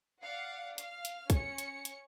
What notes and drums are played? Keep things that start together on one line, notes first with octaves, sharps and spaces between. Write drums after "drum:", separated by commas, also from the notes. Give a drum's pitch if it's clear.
D5 F5 F#5
F5 F6, drum: hi-hat
drum: hi-hat
C#4 C#7, drum: kick, hi-hat
drum: hi-hat
drum: hi-hat